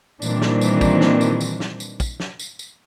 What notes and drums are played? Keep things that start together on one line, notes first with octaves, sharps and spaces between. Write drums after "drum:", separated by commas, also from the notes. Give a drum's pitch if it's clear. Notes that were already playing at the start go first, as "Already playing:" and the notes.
A#2 D#3 E3 G3 C4 D4, drum: tambourine
drum: snare
drum: tambourine
drum: kick, tambourine
drum: snare
drum: tambourine
drum: tambourine
drum: snare
drum: tambourine
drum: kick, tambourine
drum: snare
drum: tambourine
drum: tambourine